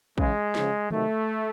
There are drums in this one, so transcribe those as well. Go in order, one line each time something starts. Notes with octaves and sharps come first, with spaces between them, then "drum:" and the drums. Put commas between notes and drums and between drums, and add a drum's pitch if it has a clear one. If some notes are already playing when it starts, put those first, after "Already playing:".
C#3 E3 G#3, drum: kick
C#3 F3, drum: snare
C3 D#3 F#3 A3, drum: tom D#3